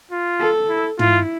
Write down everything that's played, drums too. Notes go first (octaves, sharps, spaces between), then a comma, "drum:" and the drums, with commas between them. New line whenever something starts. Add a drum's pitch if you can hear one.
F4
A4
E4
E4 F4, drum: tom